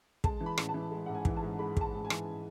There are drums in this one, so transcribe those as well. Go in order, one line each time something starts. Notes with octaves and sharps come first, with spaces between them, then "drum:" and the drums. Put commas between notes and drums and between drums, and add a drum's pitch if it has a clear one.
G#3 A5, drum: kick
E3
B5
A1, drum: rim click
A5
E3
G#3
G#2 F#5
G#5
E3, drum: kick
A5
G#2
G#3 B5
G#3 A5, drum: kick
G#2
G#5
E3, drum: rim click